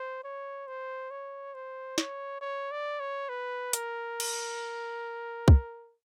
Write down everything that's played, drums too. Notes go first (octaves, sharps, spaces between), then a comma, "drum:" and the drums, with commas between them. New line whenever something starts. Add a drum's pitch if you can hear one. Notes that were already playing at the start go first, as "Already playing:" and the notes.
Already playing: C5
C#5
C5
C#5
C5
C#5, drum: snare
C#5
D5
C#5
B4
A#4, drum: hi-hat
drum: cymbal
drum: kick